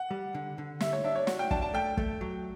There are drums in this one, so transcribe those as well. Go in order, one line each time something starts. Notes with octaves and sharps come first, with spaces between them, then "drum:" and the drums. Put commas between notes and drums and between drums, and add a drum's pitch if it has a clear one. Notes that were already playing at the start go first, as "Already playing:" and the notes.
Already playing: F#5
G3
D3
D3
G3 E5, drum: snare
C#5
D4 E5
C#5
F#4, drum: snare
G5
D4 A5, drum: kick
A5
A3 G5
A3, drum: kick
F#3